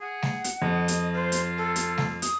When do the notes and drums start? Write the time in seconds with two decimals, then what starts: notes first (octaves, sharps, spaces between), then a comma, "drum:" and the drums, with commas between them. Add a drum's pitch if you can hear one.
0.01 G#4 F#5
0.22 drum: snare G3
0.44 drum: hi-hat
0.62 F2 D#5
0.88 drum: hi-hat
1.14 F4 C5
1.32 drum: hi-hat
1.58 A4
1.76 drum: hi-hat
1.98 drum: snare G3
2.22 D#6, drum: hi-hat